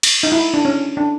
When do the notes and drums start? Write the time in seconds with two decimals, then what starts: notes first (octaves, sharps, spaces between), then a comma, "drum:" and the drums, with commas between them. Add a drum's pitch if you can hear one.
0.03 drum: cymbal
0.23 D#4
0.32 E4
0.54 D4
0.65 C#4
0.97 D4